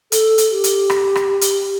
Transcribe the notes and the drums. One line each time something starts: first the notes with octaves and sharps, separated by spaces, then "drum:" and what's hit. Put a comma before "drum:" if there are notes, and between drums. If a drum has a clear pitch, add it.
A4, drum: hi-hat
drum: hi-hat
G4
drum: hi-hat
drum: rim click
drum: rim click
drum: hi-hat